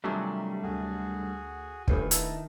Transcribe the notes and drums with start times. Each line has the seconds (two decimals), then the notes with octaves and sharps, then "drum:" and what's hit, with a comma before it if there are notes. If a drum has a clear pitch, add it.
0.04 C3 D#3 F#3 G3 A3 D4 F4 G#5
0.63 D2 F#4 G#4
1.88 G1 D#3 A3 B3 D4 C5 G#5, drum: kick
2.11 D#4 E4 A5, drum: hi-hat